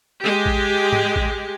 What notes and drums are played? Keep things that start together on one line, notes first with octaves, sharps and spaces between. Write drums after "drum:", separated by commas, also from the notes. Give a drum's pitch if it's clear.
G#3 G4
drum: kick A1
drum: tom G#2
drum: kick A1